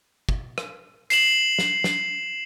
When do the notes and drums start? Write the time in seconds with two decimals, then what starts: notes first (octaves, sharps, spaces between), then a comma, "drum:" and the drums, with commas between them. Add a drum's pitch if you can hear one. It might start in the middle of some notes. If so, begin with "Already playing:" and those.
0.29 drum: kick
0.58 drum: rim click
1.10 C7 E7 F#7, drum: hi-hat
1.59 drum: snare
1.84 drum: snare